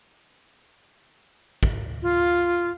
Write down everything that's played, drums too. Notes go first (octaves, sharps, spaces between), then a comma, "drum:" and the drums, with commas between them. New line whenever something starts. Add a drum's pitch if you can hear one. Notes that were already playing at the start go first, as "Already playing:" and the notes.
drum: kick
F4